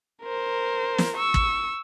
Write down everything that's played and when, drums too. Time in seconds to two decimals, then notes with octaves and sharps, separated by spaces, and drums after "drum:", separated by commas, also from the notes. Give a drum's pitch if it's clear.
0.23 A#4 C5
0.98 drum: snare
1.16 C#6 E6
1.34 drum: kick